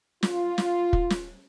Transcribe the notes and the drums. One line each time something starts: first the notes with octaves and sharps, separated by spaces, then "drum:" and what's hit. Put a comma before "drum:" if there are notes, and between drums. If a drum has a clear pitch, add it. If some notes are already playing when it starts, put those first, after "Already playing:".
F4, drum: snare
drum: snare
drum: kick
drum: snare